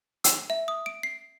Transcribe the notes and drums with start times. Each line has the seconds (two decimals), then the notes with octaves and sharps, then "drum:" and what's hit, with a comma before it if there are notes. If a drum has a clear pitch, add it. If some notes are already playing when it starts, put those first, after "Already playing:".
0.24 E6, drum: hi-hat
0.50 E5
0.68 D#6
0.86 D7
1.03 C7